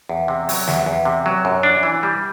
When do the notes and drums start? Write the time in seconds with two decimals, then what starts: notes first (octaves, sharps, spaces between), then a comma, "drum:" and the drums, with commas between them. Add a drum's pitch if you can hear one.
0.09 E2
0.28 C3
0.49 F#3, drum: open hi-hat
0.68 E2, drum: snare
0.86 E2
1.05 C3
1.26 F#3
1.45 F#2
1.63 D4
1.83 E3
2.03 G3